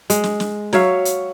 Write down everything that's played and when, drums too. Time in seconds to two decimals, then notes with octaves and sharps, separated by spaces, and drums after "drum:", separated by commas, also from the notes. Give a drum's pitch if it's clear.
0.10 G#3, drum: hi-hat
0.24 drum: snare
0.40 drum: snare
0.73 F#3 C#5 E5 F5, drum: snare
1.05 drum: hi-hat